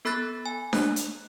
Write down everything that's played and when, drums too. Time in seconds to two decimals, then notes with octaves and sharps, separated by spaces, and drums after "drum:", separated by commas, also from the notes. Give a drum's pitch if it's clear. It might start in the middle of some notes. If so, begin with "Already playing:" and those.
0.05 B3 A4 B5 E6 F#6 A6
0.46 G#5
0.73 A#5 F#6, drum: snare D4
0.96 drum: hi-hat